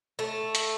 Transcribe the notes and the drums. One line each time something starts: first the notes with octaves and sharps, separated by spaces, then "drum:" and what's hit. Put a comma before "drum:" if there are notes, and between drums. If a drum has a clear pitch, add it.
A3
drum: hi-hat